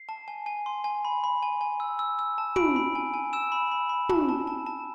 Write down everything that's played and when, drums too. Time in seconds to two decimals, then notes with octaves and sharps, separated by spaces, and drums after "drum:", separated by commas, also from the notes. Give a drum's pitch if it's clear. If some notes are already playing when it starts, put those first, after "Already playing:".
Already playing: C7
0.09 A5
0.28 G#5
0.46 G#5
0.66 C6
0.84 G#5
1.05 B5
1.24 B5
1.43 G#5
1.61 G#5
1.80 E6
1.99 E6
2.19 E6
2.38 A5
2.56 B5 D7, drum: tom
2.76 B5
2.95 G#5
3.14 G#5
3.33 E6 E7
3.52 B5
3.72 B5
3.89 B5
4.09 A5, drum: tom
4.29 A5
4.47 A5
4.66 A5